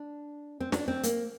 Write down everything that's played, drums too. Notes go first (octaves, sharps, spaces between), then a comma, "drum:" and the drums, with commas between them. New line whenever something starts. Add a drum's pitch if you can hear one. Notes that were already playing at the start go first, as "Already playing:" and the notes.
Already playing: D4
C4
D4, drum: snare
C4
A#3, drum: hi-hat